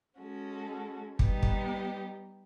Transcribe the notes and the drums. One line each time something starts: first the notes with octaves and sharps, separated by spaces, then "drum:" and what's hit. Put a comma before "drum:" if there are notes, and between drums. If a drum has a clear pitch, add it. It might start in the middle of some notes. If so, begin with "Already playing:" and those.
G#3 C#4 F#4 A4
G3 B3 D#4 G4, drum: kick
drum: kick